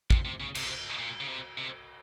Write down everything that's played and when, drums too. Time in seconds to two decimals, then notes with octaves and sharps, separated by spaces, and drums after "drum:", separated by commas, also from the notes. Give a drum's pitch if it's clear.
0.10 C3, drum: kick
0.25 C3
0.40 C#3
0.55 C3, drum: cymbal
0.99 A#2
1.20 C#3
1.28 C3
1.58 C3